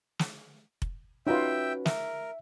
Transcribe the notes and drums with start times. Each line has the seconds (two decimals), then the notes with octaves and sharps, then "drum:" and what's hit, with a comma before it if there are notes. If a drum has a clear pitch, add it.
0.19 drum: snare
0.82 drum: kick F1
1.27 C#4 D#4 F4 F#4 B4 E5 G5
1.86 A#4 E5, drum: snare